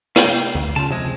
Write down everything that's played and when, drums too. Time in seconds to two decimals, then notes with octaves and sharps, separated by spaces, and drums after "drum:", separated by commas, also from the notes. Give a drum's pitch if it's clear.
0.16 F5 G5, drum: rim click
0.55 D2
0.76 C#3 F4 A5
0.90 F2 C3 G#3